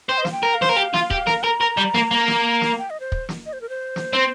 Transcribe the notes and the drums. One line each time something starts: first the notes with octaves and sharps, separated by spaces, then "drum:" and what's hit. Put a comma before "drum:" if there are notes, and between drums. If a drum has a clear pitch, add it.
C5 G5
D#5
F5, drum: snare
G5
A#4
F5
C5, drum: snare
A#4
G4
F4, drum: snare
G4, drum: kick
A#4, drum: snare
A#4 A#5
A#4
G3
A#3, drum: snare
A#3
drum: snare
drum: snare
G5
D#5
C5
drum: kick
drum: snare
D#5
C5
A#4
C5
drum: snare
C4